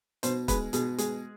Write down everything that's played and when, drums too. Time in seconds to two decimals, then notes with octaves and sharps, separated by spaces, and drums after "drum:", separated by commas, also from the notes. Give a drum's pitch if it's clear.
0.23 B2 C5, drum: hi-hat
0.48 G#3 B4, drum: kick, hi-hat
0.73 B2 G#4, drum: hi-hat
0.98 G#3 G#4, drum: hi-hat